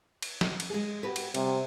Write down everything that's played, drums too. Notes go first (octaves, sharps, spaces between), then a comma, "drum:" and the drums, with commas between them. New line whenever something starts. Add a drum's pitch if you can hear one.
drum: cymbal
drum: snare
drum: cymbal
G#3 G#4
F#4 G4 B4
drum: cymbal
C3 G3, drum: cymbal